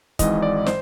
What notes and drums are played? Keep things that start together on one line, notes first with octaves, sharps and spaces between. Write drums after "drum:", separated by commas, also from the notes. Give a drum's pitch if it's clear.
G#1 G#2 E3 D#5, drum: kick, hi-hat
D5
C5, drum: snare